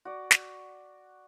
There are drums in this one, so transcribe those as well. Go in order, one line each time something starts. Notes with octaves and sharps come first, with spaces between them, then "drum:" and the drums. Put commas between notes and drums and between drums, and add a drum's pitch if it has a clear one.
F#4 D5
drum: snare